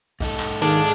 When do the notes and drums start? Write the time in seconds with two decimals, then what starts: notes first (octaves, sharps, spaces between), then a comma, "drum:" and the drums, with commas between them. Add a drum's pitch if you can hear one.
0.20 G#2 D#4 A4, drum: kick
0.40 drum: clap
0.62 D#3 D4 G#4 F5